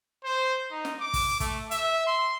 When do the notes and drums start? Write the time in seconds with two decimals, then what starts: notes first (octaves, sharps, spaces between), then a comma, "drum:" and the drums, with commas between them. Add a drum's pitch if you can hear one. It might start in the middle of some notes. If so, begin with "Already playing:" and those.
0.24 C5
0.71 D#4
0.85 drum: snare
1.00 D6
1.13 drum: kick, open hi-hat
1.40 A3, drum: kick, hi-hat
1.71 E5, drum: hi-hat
2.07 C6